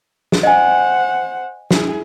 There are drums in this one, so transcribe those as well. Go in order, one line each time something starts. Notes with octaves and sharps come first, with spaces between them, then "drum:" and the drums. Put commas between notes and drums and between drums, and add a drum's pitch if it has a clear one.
drum: snare
C5 D#5 F#5 G#5
E4 G#4, drum: snare